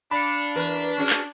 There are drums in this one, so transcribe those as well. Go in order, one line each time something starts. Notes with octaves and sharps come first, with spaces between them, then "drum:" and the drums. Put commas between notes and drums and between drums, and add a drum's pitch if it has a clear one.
D4 F5 B5 C#7
E2 A#4 B4 B6 C7
C#4 F#4 G#4
drum: clap